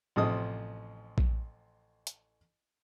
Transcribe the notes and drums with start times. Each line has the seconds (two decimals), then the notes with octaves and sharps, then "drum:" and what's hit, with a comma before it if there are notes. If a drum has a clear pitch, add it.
0.16 A1 C3 F3 D#5 D#6
1.18 drum: kick A#1
2.07 drum: hi-hat